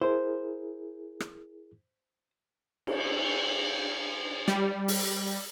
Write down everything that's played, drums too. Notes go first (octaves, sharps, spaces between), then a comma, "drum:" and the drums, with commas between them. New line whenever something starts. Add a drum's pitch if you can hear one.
E4 G#4 A#4 C5
drum: rim click
drum: cymbal
G3, drum: snare
drum: open hi-hat